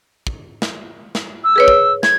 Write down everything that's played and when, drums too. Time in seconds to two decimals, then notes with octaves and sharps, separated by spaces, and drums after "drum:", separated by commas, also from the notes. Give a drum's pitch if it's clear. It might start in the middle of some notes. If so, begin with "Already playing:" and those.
0.27 drum: kick
0.62 drum: snare
1.15 drum: snare
1.44 E6
1.56 G#4 B4 C#5
1.68 drum: kick
2.03 G#6, drum: snare